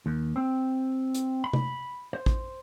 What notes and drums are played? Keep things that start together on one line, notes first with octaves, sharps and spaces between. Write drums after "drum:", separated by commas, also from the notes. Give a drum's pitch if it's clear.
D#2
C4
drum: hi-hat
B5
drum: tom C3
C5
drum: kick